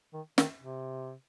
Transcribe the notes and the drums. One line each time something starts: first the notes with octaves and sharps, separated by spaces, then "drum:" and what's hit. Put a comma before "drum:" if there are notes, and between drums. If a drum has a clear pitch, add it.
D#3
D#3, drum: snare
C3